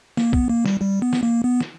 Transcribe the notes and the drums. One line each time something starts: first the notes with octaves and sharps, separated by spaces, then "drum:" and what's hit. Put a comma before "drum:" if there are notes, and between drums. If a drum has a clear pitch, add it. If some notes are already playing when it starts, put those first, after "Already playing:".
A#3, drum: snare
B3, drum: kick
A#3
G3, drum: snare
G3
B3
drum: snare
A#3
B3
drum: snare